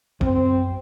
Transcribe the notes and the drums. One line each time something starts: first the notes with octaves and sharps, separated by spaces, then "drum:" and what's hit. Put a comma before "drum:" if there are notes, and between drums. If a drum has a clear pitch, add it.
F#2 B3 C4, drum: kick